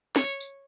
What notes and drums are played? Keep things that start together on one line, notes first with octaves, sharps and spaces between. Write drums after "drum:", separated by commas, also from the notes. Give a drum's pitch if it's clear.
C#5, drum: snare
drum: tambourine